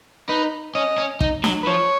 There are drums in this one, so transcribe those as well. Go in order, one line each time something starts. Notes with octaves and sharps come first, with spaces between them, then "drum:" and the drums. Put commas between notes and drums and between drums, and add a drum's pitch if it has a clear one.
D#4 B4
C#4 D#5
C#4
D#4, drum: kick
F#3, drum: snare
B4
F3 C#5